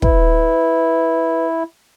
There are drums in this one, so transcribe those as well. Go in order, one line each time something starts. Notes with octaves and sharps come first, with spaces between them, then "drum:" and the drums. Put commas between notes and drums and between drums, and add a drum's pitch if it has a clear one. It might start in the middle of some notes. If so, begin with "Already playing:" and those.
E4 B4, drum: kick